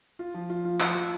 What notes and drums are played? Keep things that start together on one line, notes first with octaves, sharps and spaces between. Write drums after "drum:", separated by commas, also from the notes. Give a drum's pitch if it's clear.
F4
F3
F4
F4
F3, drum: clap
F3